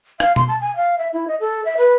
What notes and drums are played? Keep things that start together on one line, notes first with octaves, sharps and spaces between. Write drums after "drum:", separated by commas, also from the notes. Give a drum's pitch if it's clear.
F5, drum: rim click
C6, drum: tom B2
A5
G#5
F5
E5
E4
D#5
A4
E5
B4